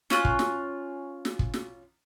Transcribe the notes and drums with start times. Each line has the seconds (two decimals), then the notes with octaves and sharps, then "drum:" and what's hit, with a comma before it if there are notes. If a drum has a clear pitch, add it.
0.10 C#4 F4 F#6, drum: snare
0.25 drum: kick
0.39 drum: snare
1.25 drum: snare
1.39 drum: kick
1.54 drum: snare